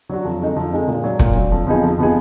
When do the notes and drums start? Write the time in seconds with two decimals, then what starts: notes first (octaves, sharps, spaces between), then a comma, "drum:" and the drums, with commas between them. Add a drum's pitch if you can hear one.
0.09 F#3 D4 F#4
0.25 F2
0.41 D3 G#3 D#4
0.56 F2
0.73 D3 G#3 D#4
0.88 A#2
1.04 F#3 D4
1.19 A#2, drum: kick
1.35 F#3 D4
1.52 F2
1.67 F3 B3 D#4 G#4
1.83 F2
1.98 F3 B3 D#4 G#4